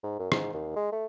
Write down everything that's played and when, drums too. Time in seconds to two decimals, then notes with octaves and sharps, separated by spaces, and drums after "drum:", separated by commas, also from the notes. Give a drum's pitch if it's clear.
0.03 G#2
0.19 F#2
0.32 G#2, drum: rim click
0.54 D#2
0.76 G#3
0.92 A3